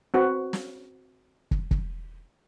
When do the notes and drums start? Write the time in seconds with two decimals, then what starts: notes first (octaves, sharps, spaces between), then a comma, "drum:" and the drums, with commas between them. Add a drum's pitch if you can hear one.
0.14 C4 F#4 B4
0.53 drum: snare
1.51 drum: kick
1.71 drum: kick